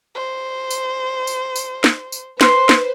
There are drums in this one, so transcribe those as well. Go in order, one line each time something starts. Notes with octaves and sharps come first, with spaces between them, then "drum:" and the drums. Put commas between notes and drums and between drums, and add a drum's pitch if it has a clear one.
C5
drum: tambourine
drum: tambourine
drum: tambourine
drum: snare
drum: tambourine
B4 C5 C6, drum: snare
drum: snare